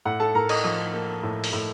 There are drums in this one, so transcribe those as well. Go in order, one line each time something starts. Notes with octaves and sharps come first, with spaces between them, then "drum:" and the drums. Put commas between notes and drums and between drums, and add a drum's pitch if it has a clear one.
A2 F#5
A4 A5
A2 A#4 A#5
D#5 D#6, drum: cymbal
F3 D#5 D#6
A#3
A2
drum: open hi-hat
A2